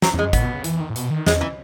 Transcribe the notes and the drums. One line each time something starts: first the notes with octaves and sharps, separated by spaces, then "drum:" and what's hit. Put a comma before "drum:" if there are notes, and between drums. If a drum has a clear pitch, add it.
F#3, drum: snare
E2
G#3
F#2
A2 B3, drum: kick, hi-hat
B2
C#3
E3, drum: hi-hat
D#3
A2
B2, drum: hi-hat
D#3
E2 G#3, drum: snare
E3